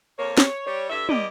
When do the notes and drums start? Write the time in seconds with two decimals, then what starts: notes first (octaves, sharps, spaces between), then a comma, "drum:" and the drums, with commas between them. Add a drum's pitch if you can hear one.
0.18 F2 A#3 C#5
0.37 C#5, drum: snare
0.66 G3 C#5
0.89 G2 A4 E5
1.09 E2 G4 D5 D#5, drum: tom